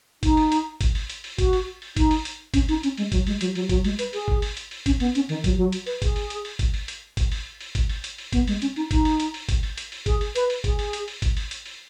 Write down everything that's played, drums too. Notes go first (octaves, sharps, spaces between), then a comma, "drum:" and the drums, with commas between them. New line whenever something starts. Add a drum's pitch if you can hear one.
D#4, drum: kick G1, hi-hat
drum: open hi-hat
drum: hi-hat
drum: kick G1, hi-hat
drum: open hi-hat
drum: hi-hat
drum: open hi-hat
F#4, drum: kick G1, hi-hat
drum: open hi-hat
drum: open hi-hat
D#4, drum: kick G1, hi-hat
drum: open hi-hat
drum: hi-hat
C#4, drum: kick G1, hi-hat
D#4, drum: open hi-hat
C#4, drum: hi-hat
G#3, drum: open hi-hat
F#3, drum: kick G1, hi-hat
G#3, drum: open hi-hat
F#3, drum: hi-hat
F#3, drum: open hi-hat
F#3, drum: kick G1, hi-hat
G#3, drum: open hi-hat
B4, drum: hi-hat
G#4, drum: open hi-hat
drum: kick G1
drum: open hi-hat
drum: hi-hat
drum: open hi-hat
C#4, drum: kick G1, hi-hat
B3, drum: open hi-hat
C#4, drum: hi-hat
D#3, drum: open hi-hat
F#3, drum: kick G1, hi-hat
F#3
drum: hi-hat
B4, drum: open hi-hat
G#4, drum: kick G1, hi-hat
drum: open hi-hat
drum: hi-hat
drum: open hi-hat
drum: kick G1, hi-hat
drum: open hi-hat
drum: hi-hat
drum: kick G1, hi-hat
drum: open hi-hat
drum: open hi-hat
drum: kick G1, hi-hat
drum: open hi-hat
drum: hi-hat
drum: open hi-hat
B3, drum: kick G1, hi-hat
G#3, drum: open hi-hat
C#4, drum: hi-hat
D#4, drum: open hi-hat
D#4, drum: kick G1, hi-hat
drum: open hi-hat
drum: hi-hat
drum: open hi-hat
drum: kick G1, hi-hat
drum: open hi-hat
drum: hi-hat
drum: open hi-hat
G#4, drum: kick G1, hi-hat
drum: open hi-hat
B4, drum: hi-hat
drum: open hi-hat
G#4, drum: kick G1, hi-hat
drum: open hi-hat
drum: hi-hat
drum: open hi-hat
drum: kick G1, hi-hat
drum: open hi-hat
drum: hi-hat
drum: open hi-hat